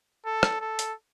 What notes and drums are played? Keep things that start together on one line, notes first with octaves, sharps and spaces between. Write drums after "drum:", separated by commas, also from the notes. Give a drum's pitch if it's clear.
A4
drum: rim click
A4
drum: hi-hat